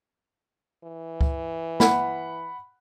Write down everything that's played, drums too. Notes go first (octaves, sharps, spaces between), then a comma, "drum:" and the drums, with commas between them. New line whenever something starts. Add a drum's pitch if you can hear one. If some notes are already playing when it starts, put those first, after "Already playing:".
E3
drum: kick C#2
F#5 B5, drum: snare